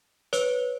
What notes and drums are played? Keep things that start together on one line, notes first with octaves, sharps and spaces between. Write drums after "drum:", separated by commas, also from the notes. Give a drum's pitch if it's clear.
B4 C#5, drum: hi-hat